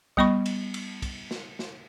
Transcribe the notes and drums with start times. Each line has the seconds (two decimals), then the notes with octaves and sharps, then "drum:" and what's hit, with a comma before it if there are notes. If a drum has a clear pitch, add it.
0.17 G3 B3 D#5 B5 C#6, drum: kick
0.46 drum: cymbal
0.74 drum: cymbal
1.02 drum: kick, cymbal
1.31 drum: snare
1.59 drum: snare